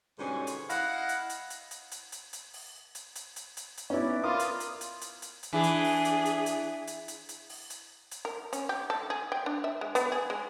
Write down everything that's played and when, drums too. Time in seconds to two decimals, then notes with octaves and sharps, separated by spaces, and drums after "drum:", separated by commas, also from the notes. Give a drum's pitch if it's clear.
0.19 G#2 B2 D3 G3 C#4
0.47 drum: hi-hat
0.70 E4 D#5 F5 F#5, drum: hi-hat
1.09 drum: hi-hat
1.29 drum: hi-hat
1.50 drum: hi-hat
1.71 drum: hi-hat
1.91 drum: hi-hat
2.12 drum: hi-hat
2.33 drum: hi-hat
2.53 drum: open hi-hat
2.95 drum: hi-hat
3.15 drum: hi-hat
3.36 drum: hi-hat
3.57 drum: hi-hat
3.77 drum: hi-hat
3.90 B3 C#4 D#4 E4 B4 D5 E5
4.24 F4 A#4 D6 D#6
4.39 drum: hi-hat
4.60 drum: hi-hat
4.81 drum: hi-hat
5.01 drum: hi-hat
5.22 drum: hi-hat
5.43 drum: hi-hat
5.53 E3 D4 G#4
5.63 drum: hi-hat
5.84 drum: open hi-hat
6.05 drum: hi-hat
6.25 drum: hi-hat
6.46 drum: hi-hat
6.87 drum: hi-hat
7.08 drum: hi-hat
7.29 drum: hi-hat
7.49 drum: open hi-hat
7.70 drum: hi-hat
8.11 drum: hi-hat
8.25 A#4
8.53 C#4, drum: hi-hat
8.69 G4
8.90 A4
9.10 G#4
9.32 G5
9.46 D4
9.64 E5
9.81 G#3
9.95 B3, drum: hi-hat
10.12 G#4
10.30 G#3